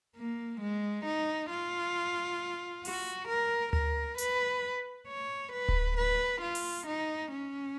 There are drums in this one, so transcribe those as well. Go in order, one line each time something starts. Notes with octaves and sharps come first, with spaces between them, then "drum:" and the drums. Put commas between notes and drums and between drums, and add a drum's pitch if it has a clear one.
A#3
G#3
D#4
F4
F#4, drum: open hi-hat
A#4
A#4, drum: tom D2
B4, drum: hi-hat
C#5
B4
drum: kick D1
B4
F4
drum: open hi-hat
D#4
C#4